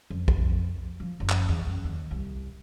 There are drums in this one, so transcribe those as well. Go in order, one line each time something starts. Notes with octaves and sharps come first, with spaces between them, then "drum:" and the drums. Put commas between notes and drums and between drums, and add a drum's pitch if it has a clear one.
F2
drum: kick
F3
F#1
drum: clap
E2
F#2
D#2
C2